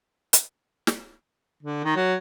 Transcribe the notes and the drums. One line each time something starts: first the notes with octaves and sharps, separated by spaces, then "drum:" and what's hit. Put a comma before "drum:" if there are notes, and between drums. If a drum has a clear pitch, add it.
drum: hi-hat
drum: snare
D3
D#3
F#3